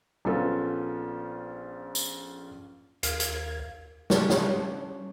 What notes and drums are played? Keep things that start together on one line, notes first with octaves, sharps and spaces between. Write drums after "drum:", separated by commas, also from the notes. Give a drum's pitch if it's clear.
A#1 B3 C#4 F4 A4
drum: tambourine
D#2 A#4 F5 G#6, drum: hi-hat
drum: hi-hat
C#4 D4, drum: snare
drum: snare